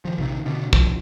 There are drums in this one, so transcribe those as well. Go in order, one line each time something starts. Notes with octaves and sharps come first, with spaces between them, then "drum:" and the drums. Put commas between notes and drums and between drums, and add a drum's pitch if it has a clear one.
D#3 F3
A#1 C3 D#3
B2 D3
C2 F3, drum: kick